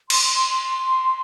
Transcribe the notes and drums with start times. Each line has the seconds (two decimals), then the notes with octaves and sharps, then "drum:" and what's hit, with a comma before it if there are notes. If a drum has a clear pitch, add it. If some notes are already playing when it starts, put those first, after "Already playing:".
0.10 C6, drum: cymbal